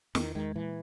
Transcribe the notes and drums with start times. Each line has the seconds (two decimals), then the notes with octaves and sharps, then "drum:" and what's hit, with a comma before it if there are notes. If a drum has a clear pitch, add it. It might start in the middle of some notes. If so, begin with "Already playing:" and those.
0.15 E2 D#3, drum: snare
0.35 D#3 G#3
0.56 A#2 E3